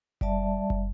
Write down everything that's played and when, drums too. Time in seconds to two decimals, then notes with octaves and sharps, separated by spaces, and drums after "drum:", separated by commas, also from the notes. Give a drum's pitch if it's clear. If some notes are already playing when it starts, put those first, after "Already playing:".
0.21 G3 D5 E5 A5, drum: kick F#1
0.70 drum: kick F#1